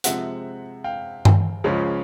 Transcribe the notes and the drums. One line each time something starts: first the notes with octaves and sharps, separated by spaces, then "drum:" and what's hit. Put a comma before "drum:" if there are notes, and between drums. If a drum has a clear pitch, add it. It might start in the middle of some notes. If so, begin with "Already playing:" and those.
C3 F3 G#3 C4 E5 F#5, drum: hi-hat
F5 G5
drum: tom G2
C#2 C#3 F3 G#3 C#4